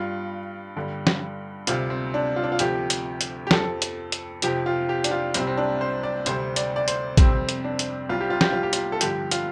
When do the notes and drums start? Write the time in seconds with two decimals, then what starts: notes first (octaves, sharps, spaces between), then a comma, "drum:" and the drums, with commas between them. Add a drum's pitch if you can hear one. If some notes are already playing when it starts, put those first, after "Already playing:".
Already playing: G2 G3 F4
0.76 G2 D3 G3
1.07 drum: snare
1.67 D2 C3 G3 F4, drum: hi-hat
1.90 C4
2.14 D4
2.36 F4
2.44 D4
2.52 F4
2.59 D2 C3 F3 G4, drum: hi-hat
2.90 drum: hi-hat
3.21 drum: hi-hat
3.47 G4
3.51 F2 F3 A4, drum: snare
3.82 drum: hi-hat
4.12 drum: hi-hat
4.42 F2 C3 F3 G4, drum: hi-hat
4.66 F4
4.89 G4
5.04 D4, drum: hi-hat
5.11 F4
5.34 C2 C3 G3 C4, drum: hi-hat
5.47 C4
5.57 D4
5.81 C5
6.03 D5
6.26 D2 C3 G3 C5, drum: hi-hat
6.56 D5, drum: hi-hat
6.76 D5
6.88 C5, drum: hi-hat
7.17 F2 C3 G3 C4, drum: kick, hi-hat
7.49 drum: hi-hat
7.64 D4
7.79 drum: hi-hat
8.09 C2 C3 G3 F4
8.21 G4
8.30 F4
8.41 G4, drum: snare
8.52 F4
8.63 G4
8.73 F4, drum: hi-hat
8.92 A4
9.01 G2 D3 F3 G4, drum: hi-hat
9.31 F4, drum: hi-hat